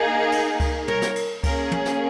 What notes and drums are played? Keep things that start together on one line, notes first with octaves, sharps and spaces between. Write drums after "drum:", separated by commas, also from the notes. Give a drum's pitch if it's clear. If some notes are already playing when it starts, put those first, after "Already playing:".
Already playing: A#3 D#4 G#4
drum: cymbal
drum: kick C#2, cymbal
A#4 C#5, drum: tom
drum: snare
drum: cymbal
A#3 C#4 G#4 A#4, drum: kick C#2, cymbal
drum: tom
drum: snare